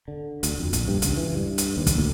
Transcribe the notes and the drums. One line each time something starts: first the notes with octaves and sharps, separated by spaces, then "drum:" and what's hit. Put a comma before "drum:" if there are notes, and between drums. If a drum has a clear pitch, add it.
D3
D2, drum: hi-hat
F2
A#1, drum: hi-hat
G2
C#2, drum: hi-hat
E3
G2
drum: hi-hat
D#2
drum: kick, hi-hat
D2